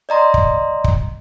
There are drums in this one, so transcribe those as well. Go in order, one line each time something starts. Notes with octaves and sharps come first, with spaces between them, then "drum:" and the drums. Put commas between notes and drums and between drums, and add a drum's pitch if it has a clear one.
D5 D#5 A#5 C6
drum: kick
drum: kick